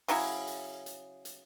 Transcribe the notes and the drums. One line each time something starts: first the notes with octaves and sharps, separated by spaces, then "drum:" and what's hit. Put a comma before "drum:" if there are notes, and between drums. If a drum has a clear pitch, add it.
C#3 F#3 E4 G#4, drum: open hi-hat
drum: hi-hat
drum: hi-hat
drum: hi-hat